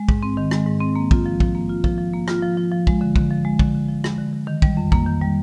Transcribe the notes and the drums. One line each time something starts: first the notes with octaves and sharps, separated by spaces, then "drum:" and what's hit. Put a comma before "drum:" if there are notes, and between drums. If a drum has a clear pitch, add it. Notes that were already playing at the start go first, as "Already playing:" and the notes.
Already playing: G#3
G#2, drum: kick
C4
D#3
G#3, drum: rim click
G#2
C4
A#3
F4, drum: kick
F3
F3, drum: kick
A#3
F4
F3, drum: kick
F3
A#3
F4, drum: rim click
F3
F3
F3
G#3, drum: kick
D3
D3, drum: kick
F3
G#3
D3, drum: kick
D3
F3
G#3, drum: rim click
D3
D3
D#3
G3, drum: kick
F2
A#3, drum: kick
D#3
G3